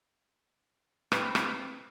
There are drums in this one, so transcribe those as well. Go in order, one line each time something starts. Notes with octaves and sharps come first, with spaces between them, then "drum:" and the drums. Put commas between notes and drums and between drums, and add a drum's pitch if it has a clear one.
C4 B4, drum: rim click
drum: rim click